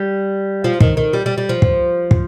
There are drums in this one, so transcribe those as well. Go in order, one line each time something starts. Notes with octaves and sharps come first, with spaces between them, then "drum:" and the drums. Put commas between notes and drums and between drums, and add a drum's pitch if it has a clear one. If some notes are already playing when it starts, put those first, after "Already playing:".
Already playing: G3
F3
D#3, drum: kick
D#3
G3
G3
G3
F3
drum: kick
drum: kick